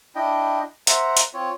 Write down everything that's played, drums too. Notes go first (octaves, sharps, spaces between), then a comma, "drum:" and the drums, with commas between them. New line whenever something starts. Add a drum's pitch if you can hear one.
D4 E4 D#5 G5
C5 E5 F#5 A#5, drum: hi-hat
drum: hi-hat
C4 F4 C#5